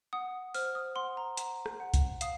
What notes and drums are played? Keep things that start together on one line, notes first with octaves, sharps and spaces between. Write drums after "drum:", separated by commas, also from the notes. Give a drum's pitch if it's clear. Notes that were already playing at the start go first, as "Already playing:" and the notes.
F#5 D#6
C5 F6, drum: open hi-hat
D#6
F#5 C6
A#5
F#5 A#5, drum: hi-hat
drum: rim click
F#5
drum: kick C2, hi-hat
F5 D#6, drum: hi-hat